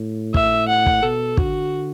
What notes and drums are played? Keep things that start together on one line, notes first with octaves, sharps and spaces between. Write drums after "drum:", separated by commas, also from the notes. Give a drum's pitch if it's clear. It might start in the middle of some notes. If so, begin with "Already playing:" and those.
Already playing: A2
E5, drum: kick
F#5
drum: kick
B2 A4
D3 F#4, drum: kick